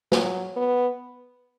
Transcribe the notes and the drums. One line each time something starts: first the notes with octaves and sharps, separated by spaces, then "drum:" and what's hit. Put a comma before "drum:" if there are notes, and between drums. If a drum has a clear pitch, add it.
F#3, drum: snare
B3